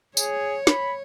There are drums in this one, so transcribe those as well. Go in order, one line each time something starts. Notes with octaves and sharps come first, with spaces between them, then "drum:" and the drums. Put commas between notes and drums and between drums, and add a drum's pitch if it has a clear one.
G#4 C#5, drum: tambourine
B5, drum: snare